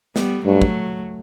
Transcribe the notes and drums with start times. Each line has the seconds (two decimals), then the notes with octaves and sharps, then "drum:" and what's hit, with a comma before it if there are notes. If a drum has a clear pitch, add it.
0.16 G3 B3, drum: snare
0.45 G2 F#3 A3
0.62 drum: kick